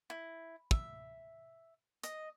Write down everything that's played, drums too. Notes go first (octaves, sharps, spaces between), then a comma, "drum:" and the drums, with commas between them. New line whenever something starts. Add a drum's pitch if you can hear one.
E4
E5, drum: kick
D#5, drum: hi-hat